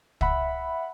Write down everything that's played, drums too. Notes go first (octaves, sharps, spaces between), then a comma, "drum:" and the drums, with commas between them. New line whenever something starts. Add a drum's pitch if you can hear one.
E5 F#5 B5, drum: kick